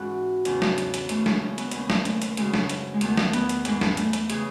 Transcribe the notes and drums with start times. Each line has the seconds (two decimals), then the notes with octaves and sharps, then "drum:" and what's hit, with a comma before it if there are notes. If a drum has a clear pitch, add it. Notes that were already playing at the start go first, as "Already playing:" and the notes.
Already playing: G#2 E3 C#4 F#4
0.45 E2 C#3 E3 C#4, drum: hi-hat
0.62 drum: snare
0.78 drum: hi-hat
0.94 drum: hi-hat
1.09 D#2 C#3 E3 A3, drum: hi-hat
1.26 G#3, drum: snare
1.46 C#4
1.58 B3, drum: hi-hat
1.71 D#2 C#3 E3 C#4, drum: hi-hat
1.90 drum: snare
2.05 A3, drum: hi-hat
2.22 drum: hi-hat
2.37 F#2 C#3 E3 G#3, drum: hi-hat
2.54 drum: snare
2.70 drum: hi-hat
2.94 G#3
3.01 E2 D#3 A3, drum: hi-hat
3.17 drum: snare
3.33 B3, drum: hi-hat
3.49 drum: hi-hat
3.65 G#2 E3 G#3, drum: hi-hat
3.81 drum: snare
3.97 A3, drum: hi-hat
4.13 drum: hi-hat
4.30 C#3 E3 G#4, drum: hi-hat